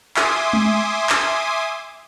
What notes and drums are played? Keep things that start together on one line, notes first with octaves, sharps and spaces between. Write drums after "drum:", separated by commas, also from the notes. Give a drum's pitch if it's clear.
E5 G#5 C6 D6 D#6, drum: clap
drum: tom G#3
drum: clap